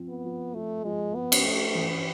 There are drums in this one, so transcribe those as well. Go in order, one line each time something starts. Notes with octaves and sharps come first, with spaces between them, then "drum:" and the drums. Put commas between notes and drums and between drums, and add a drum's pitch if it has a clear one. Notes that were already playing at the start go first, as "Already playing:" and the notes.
Already playing: F3 C4
B3
F3
F3 A3
F3 G#3
F3 B3
drum: cymbal
A3 D4
E3